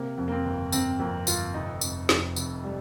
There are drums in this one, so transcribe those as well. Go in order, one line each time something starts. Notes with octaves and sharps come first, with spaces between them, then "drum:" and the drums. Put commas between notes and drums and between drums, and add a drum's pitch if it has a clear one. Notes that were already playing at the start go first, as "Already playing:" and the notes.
Already playing: C3 A#3
F2
A#3
C4
G1
G1 C4, drum: tambourine
F2 A#3
G1 F4, drum: tambourine
F1 D#4
F2, drum: tambourine
F2, drum: snare
F1, drum: tambourine
G3